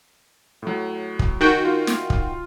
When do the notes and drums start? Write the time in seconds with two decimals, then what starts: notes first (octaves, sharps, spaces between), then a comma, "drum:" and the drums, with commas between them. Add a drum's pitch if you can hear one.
0.62 A2 F#3
1.19 drum: kick
1.41 D#3 F#4 G5
1.65 F4
1.87 drum: snare
2.10 drum: kick